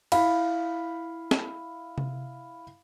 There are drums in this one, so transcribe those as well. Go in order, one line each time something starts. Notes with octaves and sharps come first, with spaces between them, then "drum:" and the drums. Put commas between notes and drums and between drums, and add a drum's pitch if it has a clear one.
E4 F5 B5, drum: cymbal
drum: snare
drum: tom C3